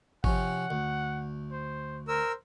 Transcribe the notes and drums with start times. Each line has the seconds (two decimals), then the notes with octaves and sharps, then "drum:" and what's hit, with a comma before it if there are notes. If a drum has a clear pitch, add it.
0.24 C3 F3 C#4 F#5, drum: kick G#1
0.70 D2
1.52 C5
2.08 A#4 C5 E6